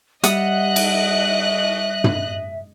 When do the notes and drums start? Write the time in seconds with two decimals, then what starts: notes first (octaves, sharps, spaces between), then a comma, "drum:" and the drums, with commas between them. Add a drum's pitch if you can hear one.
0.24 G3 D#5 E5 F#5 D#6 F#6, drum: hi-hat
0.76 drum: cymbal
2.04 drum: tom